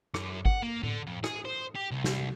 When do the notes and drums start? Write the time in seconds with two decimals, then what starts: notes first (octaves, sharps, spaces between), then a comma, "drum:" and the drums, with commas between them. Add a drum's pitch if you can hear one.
0.14 F#2, drum: rim click
0.45 F#5, drum: kick
0.63 A#3
0.83 D3, drum: tom A2
1.07 F2
1.24 G#4, drum: rim click
1.45 C5
1.75 G4
1.91 C2
2.04 drum: snare